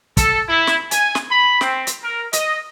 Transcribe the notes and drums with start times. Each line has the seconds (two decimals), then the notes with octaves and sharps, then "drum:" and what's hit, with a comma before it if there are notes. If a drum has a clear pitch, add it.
0.17 A4, drum: kick, hi-hat
0.48 E4
0.67 drum: snare
0.91 G#5, drum: hi-hat
1.15 drum: snare
1.31 B5
1.61 C4, drum: snare
1.87 drum: hi-hat
2.03 A#4
2.33 D#5, drum: hi-hat